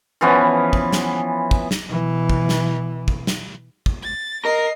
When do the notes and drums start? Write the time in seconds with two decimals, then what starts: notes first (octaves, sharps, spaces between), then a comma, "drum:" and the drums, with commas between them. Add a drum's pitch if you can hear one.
0.21 E3 F3 B3 C#4
0.73 drum: kick
0.93 drum: snare
1.51 drum: kick
1.71 drum: snare
1.86 B2 E3
2.30 drum: kick
2.49 drum: snare
3.08 drum: kick
3.27 drum: snare
3.86 drum: kick
4.02 A6
4.45 A#4 D#5 A#6 C7